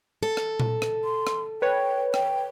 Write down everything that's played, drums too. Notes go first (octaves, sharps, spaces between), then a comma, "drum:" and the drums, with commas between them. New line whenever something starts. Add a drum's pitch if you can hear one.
A4
drum: rim click
drum: tom A#2
drum: rim click
C6
drum: rim click
B4 C#5 G5
G5, drum: rim click